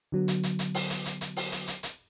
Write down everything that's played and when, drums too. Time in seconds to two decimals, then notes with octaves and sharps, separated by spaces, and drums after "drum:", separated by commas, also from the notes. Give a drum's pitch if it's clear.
0.12 D3 F#3 B3
0.28 drum: hi-hat
0.43 drum: hi-hat
0.59 drum: hi-hat
0.74 drum: open hi-hat
0.90 drum: hi-hat
1.05 drum: hi-hat
1.21 drum: hi-hat
1.36 drum: open hi-hat
1.52 drum: hi-hat
1.67 drum: hi-hat
1.83 drum: hi-hat